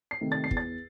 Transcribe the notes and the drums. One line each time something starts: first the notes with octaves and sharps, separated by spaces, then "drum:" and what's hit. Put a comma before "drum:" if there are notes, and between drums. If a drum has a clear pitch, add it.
C7
C3 D#3 A3
A6
C7
E2, drum: kick
A6